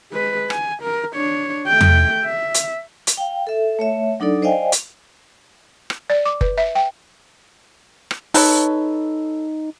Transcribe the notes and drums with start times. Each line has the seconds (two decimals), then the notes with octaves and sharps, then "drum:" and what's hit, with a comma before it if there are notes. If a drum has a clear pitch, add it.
0.12 G#3 B4
0.50 G#5, drum: rim click
0.83 A#4
1.15 D4 C#5
1.68 A3 G5
1.81 drum: tom E2
2.25 E5
2.54 drum: hi-hat
3.07 drum: hi-hat
3.17 F5 G5
3.47 A4 E5
3.79 A3 C#5 E5
4.20 F#3 D4 D#4 A4 D5
4.42 C5 D5 D#5 F5 G5 G#5
4.72 drum: hi-hat
5.90 drum: rim click
6.10 D5
6.25 D6
6.41 B4, drum: kick F#1
6.58 E5
6.75 G5
8.11 drum: rim click
8.34 D#4 A4 B4 C#5, drum: open hi-hat